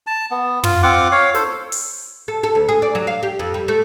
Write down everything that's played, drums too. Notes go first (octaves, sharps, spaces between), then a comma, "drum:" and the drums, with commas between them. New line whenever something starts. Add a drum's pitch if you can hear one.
A5
B3
F4, drum: tom
C4 F4 F#5 D6
C#5 F5
A4 C5, drum: snare
drum: open hi-hat
A4
A4
D2
G#4
D5
F#3
F5
G4
F2
G3
A3